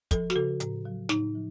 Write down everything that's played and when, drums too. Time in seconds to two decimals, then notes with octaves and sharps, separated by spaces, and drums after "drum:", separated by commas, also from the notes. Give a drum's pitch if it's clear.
0.11 F3 A4, drum: kick, hi-hat
0.30 F#4, drum: snare
0.35 C#3 A4
0.60 A2, drum: hi-hat
0.85 F#3
1.09 A2 D#4, drum: snare
1.35 F3